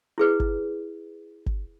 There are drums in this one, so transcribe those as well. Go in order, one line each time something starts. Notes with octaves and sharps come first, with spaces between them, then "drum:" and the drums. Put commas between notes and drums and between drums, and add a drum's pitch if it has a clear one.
E4 G#4 B4
drum: kick G1
drum: kick G1